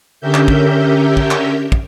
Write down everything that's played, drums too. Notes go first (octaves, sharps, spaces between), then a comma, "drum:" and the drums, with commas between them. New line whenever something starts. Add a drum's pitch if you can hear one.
D3 C#4 G4 A#4 E5 G6
drum: clap
drum: kick
drum: kick
drum: clap
drum: kick